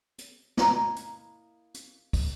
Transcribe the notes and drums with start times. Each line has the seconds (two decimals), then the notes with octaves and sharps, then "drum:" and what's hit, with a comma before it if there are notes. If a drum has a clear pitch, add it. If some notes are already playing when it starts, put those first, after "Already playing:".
0.18 drum: hi-hat
0.57 A#3 E4 D#5 A#5, drum: snare
0.96 drum: hi-hat
1.74 drum: hi-hat
2.13 drum: kick, open hi-hat